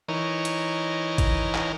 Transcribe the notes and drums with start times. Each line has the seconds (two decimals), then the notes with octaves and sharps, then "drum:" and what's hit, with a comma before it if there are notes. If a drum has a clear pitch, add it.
0.08 E3 D#4 A#4 C#5
0.45 drum: hi-hat
1.18 drum: kick, hi-hat
1.55 drum: clap